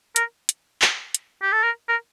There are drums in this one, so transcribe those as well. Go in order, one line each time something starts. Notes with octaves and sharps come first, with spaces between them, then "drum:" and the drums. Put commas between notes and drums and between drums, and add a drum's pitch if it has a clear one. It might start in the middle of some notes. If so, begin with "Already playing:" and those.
A#4, drum: hi-hat
drum: hi-hat
drum: clap
drum: hi-hat
G4
A4
A#4
A#4